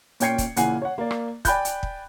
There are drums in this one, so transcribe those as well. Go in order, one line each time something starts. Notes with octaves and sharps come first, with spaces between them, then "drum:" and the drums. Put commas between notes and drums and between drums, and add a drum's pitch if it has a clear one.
A#2 C#4 G5 G#6 C7 C#7, drum: hi-hat
drum: kick, hi-hat
A#2 C#3 E3 F#5 G#5 C7, drum: hi-hat
C#5 F#5
A#3 D5
drum: rim click
D5 G5 G#5 B5 F#6 G6, drum: kick, hi-hat
drum: hi-hat
drum: kick